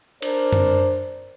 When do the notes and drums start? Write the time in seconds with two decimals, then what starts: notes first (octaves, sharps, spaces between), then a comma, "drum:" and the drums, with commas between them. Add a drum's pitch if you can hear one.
0.22 D4 A#4 C5, drum: cymbal
0.53 drum: tom F#2